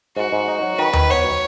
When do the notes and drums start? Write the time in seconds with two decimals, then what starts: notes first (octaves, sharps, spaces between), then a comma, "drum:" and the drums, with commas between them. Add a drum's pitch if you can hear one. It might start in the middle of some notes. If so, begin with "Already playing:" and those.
0.16 G#2 F#4
0.32 G#2
0.48 D#4
0.63 F#3
0.78 D#3 B4
0.93 D#3, drum: tom D#2
1.10 B3 C#5
1.24 F#3